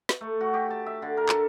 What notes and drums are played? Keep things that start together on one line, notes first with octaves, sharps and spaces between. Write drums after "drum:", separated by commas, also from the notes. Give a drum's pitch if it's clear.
drum: snare
A3
F#4
G4
A5
E5
D3
A#4
A4, drum: clap